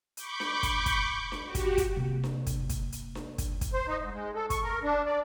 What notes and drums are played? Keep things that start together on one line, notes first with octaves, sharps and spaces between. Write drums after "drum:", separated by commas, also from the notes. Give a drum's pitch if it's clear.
B5 C#6 D6 G6, drum: hi-hat
drum: snare D4
drum: kick, hi-hat
drum: kick, hi-hat
drum: snare D4
F#4 G4
drum: kick, hi-hat
drum: kick, hi-hat
C3 A#3
drum: snare D4
drum: kick, hi-hat
drum: kick, hi-hat
drum: hi-hat
drum: snare D4
drum: kick, hi-hat
drum: kick, hi-hat
C5
D#4
G#2
G#3
A4
C#6, drum: kick, hi-hat
A#4
D4
D5